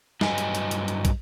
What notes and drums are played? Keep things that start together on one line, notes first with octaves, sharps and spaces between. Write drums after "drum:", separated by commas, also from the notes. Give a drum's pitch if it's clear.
G2 F#3 B4 D#5 G#5, drum: snare
drum: hi-hat
drum: hi-hat
drum: hi-hat
drum: hi-hat
drum: kick, hi-hat